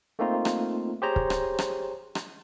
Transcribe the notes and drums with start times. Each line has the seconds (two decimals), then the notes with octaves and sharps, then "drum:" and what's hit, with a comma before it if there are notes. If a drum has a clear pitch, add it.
0.19 A3 A#3 C4 D#4 F4
0.45 drum: rim click
1.02 G4 G#4 C5 C#5 A#5
1.16 drum: kick
1.30 drum: rim click
1.59 drum: rim click
2.15 drum: rim click